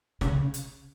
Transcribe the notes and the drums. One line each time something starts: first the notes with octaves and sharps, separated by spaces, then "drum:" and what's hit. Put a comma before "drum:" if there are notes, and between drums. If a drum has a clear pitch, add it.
C#3, drum: snare
drum: hi-hat